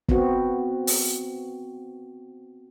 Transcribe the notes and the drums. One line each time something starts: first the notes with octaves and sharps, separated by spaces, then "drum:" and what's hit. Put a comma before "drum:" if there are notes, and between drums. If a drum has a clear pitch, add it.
B3 C4 F#4, drum: kick
drum: open hi-hat